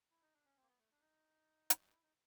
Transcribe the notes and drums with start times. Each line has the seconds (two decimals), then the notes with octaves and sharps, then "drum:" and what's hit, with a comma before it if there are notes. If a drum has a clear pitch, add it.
0.10 E4
0.22 D#4
0.34 D4
0.45 C#4
0.56 C4
0.62 A#3
0.67 B3
0.78 A3
0.91 D4
1.01 D#4
1.70 drum: hi-hat
1.91 E4
2.02 D#4